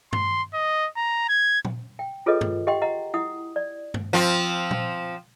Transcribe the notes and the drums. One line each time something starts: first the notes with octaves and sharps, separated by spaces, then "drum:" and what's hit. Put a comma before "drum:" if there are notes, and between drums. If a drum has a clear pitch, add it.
C6, drum: tom G2
D#5
A#5
G#6
drum: tom
G5
F4 G#4 A4 B4 C#5 D#5
drum: tom G2
G4 D#5 F#5 G5 C6
D#5 F#5 A#5
E4 F#5 D#6
D5
drum: tom G2
F3 C4
drum: tom